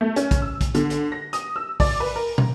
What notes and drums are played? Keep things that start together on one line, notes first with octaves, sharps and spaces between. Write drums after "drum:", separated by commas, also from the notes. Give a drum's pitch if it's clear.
A3
C#4, drum: hi-hat
drum: kick, hi-hat
E6
drum: kick, hi-hat
D3, drum: hi-hat
drum: hi-hat
A#6
D#6, drum: hi-hat
E6
D5, drum: kick, open hi-hat
B4
A#4
drum: tom